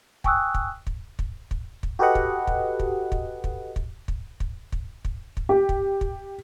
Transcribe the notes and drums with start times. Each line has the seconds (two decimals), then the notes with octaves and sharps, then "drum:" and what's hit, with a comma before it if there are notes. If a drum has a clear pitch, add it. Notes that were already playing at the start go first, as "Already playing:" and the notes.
0.24 G5 G#5 C#6 D#6 E6 F#6, drum: kick
0.54 drum: kick
0.87 drum: kick
1.19 drum: kick
1.51 drum: kick
1.83 drum: kick
1.99 F#4 G4 A4 B4 D#5 F#5
2.15 drum: kick
2.47 drum: kick
2.80 drum: kick
3.12 drum: kick
3.44 drum: kick
3.76 drum: kick
4.08 drum: kick
4.40 drum: kick
4.72 drum: kick
5.05 drum: kick
5.37 drum: kick
5.49 G4
5.69 drum: kick
6.01 drum: kick